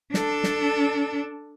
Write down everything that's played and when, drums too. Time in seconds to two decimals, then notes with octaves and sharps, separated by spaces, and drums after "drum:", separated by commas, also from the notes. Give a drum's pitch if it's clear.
0.14 D4 A4, drum: snare
0.44 drum: snare